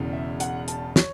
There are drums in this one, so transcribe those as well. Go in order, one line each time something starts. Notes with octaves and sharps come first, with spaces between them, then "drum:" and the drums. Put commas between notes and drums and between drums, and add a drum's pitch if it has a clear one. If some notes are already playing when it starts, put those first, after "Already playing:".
Already playing: E1 E2 C#3
E5
F#5, drum: hi-hat
A5, drum: hi-hat
C#5, drum: snare